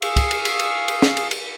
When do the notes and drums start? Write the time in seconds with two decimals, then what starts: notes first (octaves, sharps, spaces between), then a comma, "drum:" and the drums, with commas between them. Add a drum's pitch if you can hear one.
0.02 G#4 F5 C#6 E6, drum: cymbal
0.16 drum: kick, cymbal
0.31 drum: cymbal
0.45 drum: cymbal
0.59 drum: cymbal
0.88 drum: cymbal
1.02 drum: snare
1.17 drum: cymbal
1.31 drum: cymbal